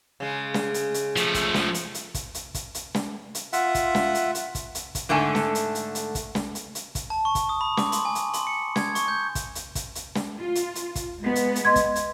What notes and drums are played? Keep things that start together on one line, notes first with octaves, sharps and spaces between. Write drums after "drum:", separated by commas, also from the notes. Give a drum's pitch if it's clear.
C#3 G#3
drum: snare
drum: hi-hat
drum: hi-hat
F3 A3, drum: hi-hat
drum: kick, hi-hat
drum: snare
drum: hi-hat
drum: hi-hat
drum: kick, hi-hat
drum: hi-hat
drum: kick, hi-hat
drum: hi-hat
drum: snare
drum: hi-hat
F4 E5 F#5, drum: hi-hat
drum: kick, hi-hat
drum: snare
drum: hi-hat
drum: hi-hat
drum: kick, hi-hat
drum: hi-hat
drum: kick, hi-hat
G#2 D3 A3 A4 G#5
drum: snare
drum: hi-hat
drum: hi-hat
drum: hi-hat
drum: kick, hi-hat
drum: snare
drum: hi-hat
drum: hi-hat
drum: kick, hi-hat
A5
C#6
drum: kick, hi-hat
D#6
B5
D6, drum: snare
C6, drum: hi-hat
G#5
drum: hi-hat
C6, drum: hi-hat
C#7
G#6, drum: snare
C#6, drum: hi-hat
G6
drum: kick, hi-hat
drum: hi-hat
drum: kick, hi-hat
drum: hi-hat
drum: snare
F4
drum: hi-hat
drum: hi-hat
drum: kick, hi-hat
G#3 B3
drum: hi-hat
drum: hi-hat
D#5 C6 G#6
drum: kick, hi-hat
drum: hi-hat